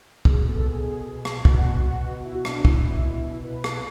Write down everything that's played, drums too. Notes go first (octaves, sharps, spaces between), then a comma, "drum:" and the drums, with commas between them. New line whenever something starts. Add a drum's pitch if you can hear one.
B2 G#4, drum: kick
A4
B2 G#4
B2
drum: rim click
B2 F#4, drum: kick
B2
B2 E4
F#4
D4, drum: rim click
D4
B2 E4, drum: kick
B2
B2 B4
drum: rim click